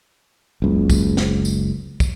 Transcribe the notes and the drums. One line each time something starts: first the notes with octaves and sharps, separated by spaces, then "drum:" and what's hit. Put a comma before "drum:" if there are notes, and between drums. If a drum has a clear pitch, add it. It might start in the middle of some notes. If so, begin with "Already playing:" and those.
F#1 C#2
drum: kick, tambourine
drum: snare
drum: tambourine
drum: kick, tambourine